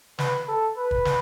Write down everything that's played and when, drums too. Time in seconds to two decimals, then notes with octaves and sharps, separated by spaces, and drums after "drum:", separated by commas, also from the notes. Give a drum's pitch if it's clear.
0.19 B4, drum: snare
0.48 A4
0.77 B4
0.91 drum: kick
1.05 drum: snare